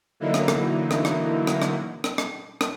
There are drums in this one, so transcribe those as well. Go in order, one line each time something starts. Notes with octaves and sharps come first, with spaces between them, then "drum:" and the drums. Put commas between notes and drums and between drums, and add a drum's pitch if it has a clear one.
D3 E3 F#3 A#3 D#4 E4
drum: rim click
drum: rim click
drum: rim click
drum: rim click
drum: rim click
drum: rim click
drum: rim click
drum: rim click
drum: rim click